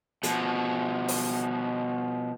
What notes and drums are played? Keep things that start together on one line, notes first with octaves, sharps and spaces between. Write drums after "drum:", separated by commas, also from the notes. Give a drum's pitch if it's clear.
B2 F3, drum: hi-hat
drum: open hi-hat